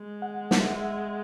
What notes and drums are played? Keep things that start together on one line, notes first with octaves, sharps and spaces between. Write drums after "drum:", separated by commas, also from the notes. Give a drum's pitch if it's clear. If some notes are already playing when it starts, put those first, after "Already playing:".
Already playing: G#3
F#5
F#5, drum: snare
E5
F#5
E5